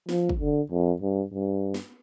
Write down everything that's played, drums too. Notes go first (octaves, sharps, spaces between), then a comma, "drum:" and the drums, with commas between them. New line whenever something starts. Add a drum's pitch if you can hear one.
F3, drum: snare
drum: kick
D3
F2
G2
G2
drum: snare